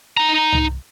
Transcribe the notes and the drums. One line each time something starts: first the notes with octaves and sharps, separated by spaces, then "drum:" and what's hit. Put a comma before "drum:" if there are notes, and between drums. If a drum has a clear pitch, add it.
D#4 A#5
drum: tom C2